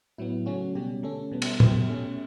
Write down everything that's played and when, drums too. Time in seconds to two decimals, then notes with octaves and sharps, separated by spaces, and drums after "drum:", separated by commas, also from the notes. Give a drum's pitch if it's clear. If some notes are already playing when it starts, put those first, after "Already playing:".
0.18 A2 F#3 B3 E4
0.46 C#3 F#3 A3 C#4 F#4
0.75 B2 G3 C#4 G4
1.03 D3 A3 C#4 A4
1.32 B2 G3 B3
1.42 drum: cymbal
1.60 A2 F#3 B3 G4, drum: tom
1.89 B2 A3 C#4